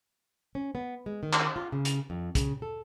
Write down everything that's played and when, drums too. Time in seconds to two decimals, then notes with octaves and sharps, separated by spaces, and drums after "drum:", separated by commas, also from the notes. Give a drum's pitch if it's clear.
0.55 C#4
0.75 B3
1.06 G#3
1.23 D#3
1.33 drum: clap
1.56 F4
1.72 C#3
1.85 drum: hi-hat
2.10 F2
2.35 C#3, drum: kick, hi-hat
2.62 A4